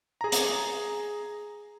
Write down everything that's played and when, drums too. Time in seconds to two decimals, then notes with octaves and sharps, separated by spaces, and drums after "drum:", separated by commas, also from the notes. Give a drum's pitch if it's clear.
0.21 G#4 A#5
0.32 drum: hi-hat